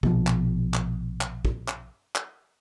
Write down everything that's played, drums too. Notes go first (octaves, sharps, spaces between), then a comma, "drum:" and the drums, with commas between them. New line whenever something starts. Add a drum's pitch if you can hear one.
A#1 B2 F3, drum: kick
drum: clap
drum: clap
drum: clap
drum: kick
drum: clap
drum: clap